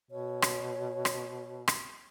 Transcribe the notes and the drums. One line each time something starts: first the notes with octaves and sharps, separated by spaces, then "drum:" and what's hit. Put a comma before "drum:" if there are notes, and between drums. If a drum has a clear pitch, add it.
B2 C#5
drum: rim click
drum: rim click
drum: rim click